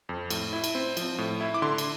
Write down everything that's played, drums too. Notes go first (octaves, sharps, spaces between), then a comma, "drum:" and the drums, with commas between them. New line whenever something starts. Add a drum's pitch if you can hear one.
F2
A2, drum: cymbal
E4
drum: cymbal
C4
F3, drum: cymbal
A2
E4
D6
D3 C6
drum: cymbal